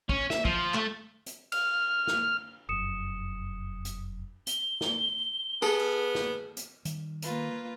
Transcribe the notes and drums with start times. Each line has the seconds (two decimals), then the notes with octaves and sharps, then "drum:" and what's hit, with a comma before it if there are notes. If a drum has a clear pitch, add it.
0.09 C#4, drum: kick
0.30 E5, drum: snare
0.45 F3, drum: kick
0.74 A3, drum: clap
1.26 drum: hi-hat
1.52 F6, drum: cymbal
2.07 drum: snare
2.69 F1 F#2 D#6 C#7 E7
3.85 drum: hi-hat
4.47 G7, drum: hi-hat
4.81 drum: snare
5.62 B3 G#4 A4, drum: tambourine
5.80 drum: cymbal
6.15 drum: snare
6.57 drum: hi-hat
6.85 D#3 G3, drum: hi-hat
7.22 A#3 F4 B4, drum: hi-hat